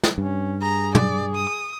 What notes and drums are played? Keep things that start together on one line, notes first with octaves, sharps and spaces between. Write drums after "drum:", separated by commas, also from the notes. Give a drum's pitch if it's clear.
drum: snare
G2 C#4
G#4 A#5
D5, drum: tom
D#6